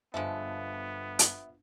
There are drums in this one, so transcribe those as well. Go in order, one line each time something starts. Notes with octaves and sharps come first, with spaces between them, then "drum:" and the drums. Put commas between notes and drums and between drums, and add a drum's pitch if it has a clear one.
G1 F3 G#3 B3 A4 E5
drum: hi-hat